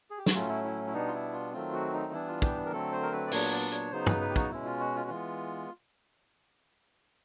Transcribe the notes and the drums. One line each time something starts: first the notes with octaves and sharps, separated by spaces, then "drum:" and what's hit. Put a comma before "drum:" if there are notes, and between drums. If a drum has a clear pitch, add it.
G#4
G4
F#4, drum: snare
A2 F#3 A3 C#4 F4
E4
E4
E4
B2 G3 B3 D4 D#4
F4
E4
F4
D#3 F#3 A3 C4 F4
F#4
D#4
E3 G3 B3 D4 E4
F4
G4, drum: kick
A#4
D3 F#3 A3 C4 A4
C5
A#4
B4
D5
A#2 F#3 B3 D4 C#5, drum: open hi-hat
D5
C#5, drum: hi-hat
C#3 F#3 B3 D#4 C5
B4, drum: tom
B4
G4
F#4, drum: kick
B2 G#3 C#4 E4
F4
F#4
F4
F#4
E3 G#3 B3 F4